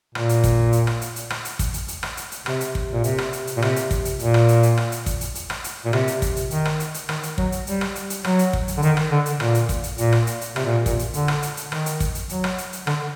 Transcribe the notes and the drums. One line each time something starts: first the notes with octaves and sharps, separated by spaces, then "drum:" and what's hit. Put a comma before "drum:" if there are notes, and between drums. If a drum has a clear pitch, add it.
A#2, drum: rim click
drum: hi-hat
drum: kick, hi-hat
drum: hi-hat
drum: rim click
drum: hi-hat
drum: hi-hat
drum: rim click
drum: hi-hat
drum: kick, hi-hat
drum: hi-hat
drum: hi-hat
drum: rim click
drum: hi-hat
drum: hi-hat
C3, drum: rim click
drum: hi-hat
drum: kick
A#2
C3, drum: hi-hat
drum: rim click
drum: hi-hat
drum: hi-hat
A#2
C3, drum: rim click
drum: hi-hat
drum: kick, hi-hat
drum: hi-hat
A#2, drum: hi-hat
drum: rim click
drum: hi-hat
drum: hi-hat
drum: rim click
drum: hi-hat
drum: kick, hi-hat
drum: hi-hat
drum: hi-hat
drum: rim click
drum: hi-hat
A#2
C3, drum: rim click
drum: hi-hat
drum: kick, hi-hat
drum: hi-hat
D#3, drum: hi-hat
drum: rim click
drum: hi-hat
drum: hi-hat
D#3, drum: rim click
drum: hi-hat
F#3, drum: kick
drum: hi-hat
G3, drum: hi-hat
drum: rim click
drum: hi-hat
drum: hi-hat
F#3, drum: rim click
drum: hi-hat
drum: kick
drum: hi-hat
D3
D#3, drum: hi-hat
drum: rim click
D3
drum: hi-hat
A#2, drum: rim click
drum: hi-hat
drum: kick, hi-hat
drum: hi-hat
A#2, drum: hi-hat
drum: rim click
drum: hi-hat
drum: hi-hat
C3, drum: rim click
A#2
A#2, drum: kick, hi-hat
drum: hi-hat
D3, drum: hi-hat
drum: rim click
drum: hi-hat
drum: hi-hat
D#3, drum: rim click
drum: hi-hat
drum: kick, hi-hat
drum: hi-hat
F#3, drum: hi-hat
drum: rim click
drum: hi-hat
drum: hi-hat
D3, drum: rim click